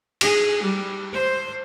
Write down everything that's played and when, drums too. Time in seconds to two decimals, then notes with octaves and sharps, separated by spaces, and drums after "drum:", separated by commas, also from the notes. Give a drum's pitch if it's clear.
0.21 G#4, drum: cymbal
0.62 G3
1.15 C5